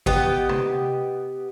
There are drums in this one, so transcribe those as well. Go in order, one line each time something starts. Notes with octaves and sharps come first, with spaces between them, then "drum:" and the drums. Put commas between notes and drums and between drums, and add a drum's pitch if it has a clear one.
B3 G4 D#5, drum: kick G#1
drum: tom C3